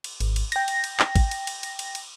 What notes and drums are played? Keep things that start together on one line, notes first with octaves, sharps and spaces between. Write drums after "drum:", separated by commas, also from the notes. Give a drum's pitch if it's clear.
drum: cymbal
G#1, drum: cymbal
drum: cymbal
G5 A#6, drum: cymbal
drum: cymbal
drum: cymbal
drum: clap
drum: kick G#1, cymbal
drum: cymbal
drum: cymbal
drum: cymbal
drum: cymbal
drum: cymbal